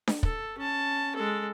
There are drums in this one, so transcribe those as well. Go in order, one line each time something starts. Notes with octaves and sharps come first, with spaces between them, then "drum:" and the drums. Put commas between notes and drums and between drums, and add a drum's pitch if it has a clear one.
drum: snare D4
A4, drum: kick
C#4 A5
G#3 A4